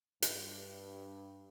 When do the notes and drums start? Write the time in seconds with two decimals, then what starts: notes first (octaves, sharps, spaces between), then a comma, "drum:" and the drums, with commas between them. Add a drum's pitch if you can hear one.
0.22 G2, drum: hi-hat